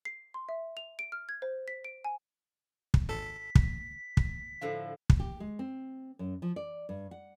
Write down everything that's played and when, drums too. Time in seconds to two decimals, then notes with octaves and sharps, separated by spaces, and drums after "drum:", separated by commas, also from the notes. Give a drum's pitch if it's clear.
0.05 C7
0.34 C6
0.49 E5
0.77 F7
0.99 D7
1.12 F6
1.29 G#6
1.42 C5
1.68 B6
1.85 D7
2.05 G#5
2.94 drum: kick
3.09 G#1 A4 B6
3.55 drum: kick
4.17 drum: kick
4.61 A2 D3 F3 A4 F5
5.10 drum: kick
5.20 G4
5.40 G#3
5.59 C4
6.19 F#2
6.42 F3
6.56 D5
6.89 G2
7.11 F#5